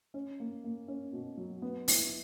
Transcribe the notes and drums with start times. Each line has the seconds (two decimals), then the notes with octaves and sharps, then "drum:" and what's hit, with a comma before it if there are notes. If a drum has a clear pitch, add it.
0.14 C#4
0.40 A#3
0.64 A#3
0.88 C#4
1.13 B2
1.37 F#3
1.62 B3
1.88 E4, drum: open hi-hat